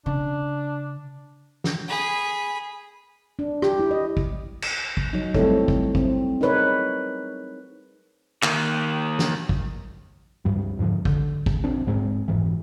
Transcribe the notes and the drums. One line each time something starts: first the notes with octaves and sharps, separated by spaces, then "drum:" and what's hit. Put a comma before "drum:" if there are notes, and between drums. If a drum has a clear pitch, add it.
C#3 D4
drum: snare
G#4 B5
D4
G4, drum: rim click
E4
D#5
drum: kick
drum: cymbal
drum: kick
F#3 D#4
G3 A3 C4 E4 A4 C#5, drum: kick
drum: kick
C4, drum: kick
D#4 G#4 A#4 B4 C#5 D5
D#3 A#3, drum: clap
drum: snare
drum: kick
C#2 G2 G3
F2 G#2 D3 F3
D3, drum: kick
drum: kick
A#1 C4 D4
D1 G#2 G#3 C4
F1 G#2 E3